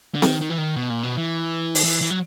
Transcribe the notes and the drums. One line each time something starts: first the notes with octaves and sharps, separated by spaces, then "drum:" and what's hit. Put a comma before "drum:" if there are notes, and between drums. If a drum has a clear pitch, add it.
D3
D#3, drum: snare C4
D#3
E3
D#3
B2
A#2
B2
E3
D#3, drum: open hi-hat
E3
E3
F#3